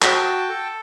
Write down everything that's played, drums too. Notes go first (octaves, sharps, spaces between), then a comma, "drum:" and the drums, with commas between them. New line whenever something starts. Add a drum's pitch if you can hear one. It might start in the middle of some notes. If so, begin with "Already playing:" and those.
F#4 G5 A5, drum: clap
A4